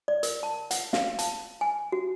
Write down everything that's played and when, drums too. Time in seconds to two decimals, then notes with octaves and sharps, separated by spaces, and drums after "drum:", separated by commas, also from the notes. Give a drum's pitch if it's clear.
0.08 D5
0.23 A#4, drum: hi-hat
0.43 A5
0.71 F#5, drum: hi-hat
0.93 F5, drum: snare
1.19 A5, drum: hi-hat
1.61 G#5
1.92 F#4